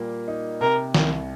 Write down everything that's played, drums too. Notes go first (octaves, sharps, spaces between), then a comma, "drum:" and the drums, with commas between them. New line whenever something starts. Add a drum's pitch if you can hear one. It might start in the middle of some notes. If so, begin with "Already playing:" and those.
Already playing: A#2 G3 A#3
D#4
C3 A#4
C2, drum: snare D#3